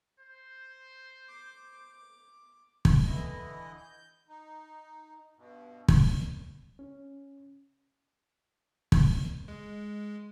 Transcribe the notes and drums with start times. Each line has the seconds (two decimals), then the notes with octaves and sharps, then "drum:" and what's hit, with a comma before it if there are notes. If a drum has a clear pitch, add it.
0.19 C5
1.28 D6
2.85 drum: kick
3.06 D3 E3 E4 D#5
3.77 G6
4.28 D#4
5.36 G2 B2
5.88 drum: kick
6.79 C#4
8.92 drum: kick
9.48 G#3